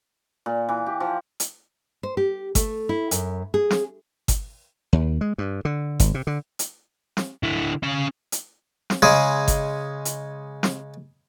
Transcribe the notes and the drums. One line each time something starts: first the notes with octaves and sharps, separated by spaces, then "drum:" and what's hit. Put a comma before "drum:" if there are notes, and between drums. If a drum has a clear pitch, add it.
A#2
E3
G4
F3
drum: hi-hat
C5
G4
A3, drum: kick G1, hi-hat
E4
F#2, drum: hi-hat
G#4
drum: snare
drum: kick G1, hi-hat
D#2
G#3
G2
D3
G#1, drum: kick G1, hi-hat
C3
D3
drum: hi-hat
drum: snare
D3 E4
C#4 F5
drum: hi-hat
drum: snare
C#3 G#3 G#4
drum: kick G1, hi-hat
drum: hi-hat
drum: snare